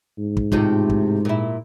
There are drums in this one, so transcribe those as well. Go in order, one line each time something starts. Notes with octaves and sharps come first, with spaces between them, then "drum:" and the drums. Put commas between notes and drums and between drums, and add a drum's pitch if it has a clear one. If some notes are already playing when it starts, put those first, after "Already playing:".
G#2
drum: kick
E2 A2 C3 G#3 D#4 F4, drum: kick
drum: kick
A#2 E4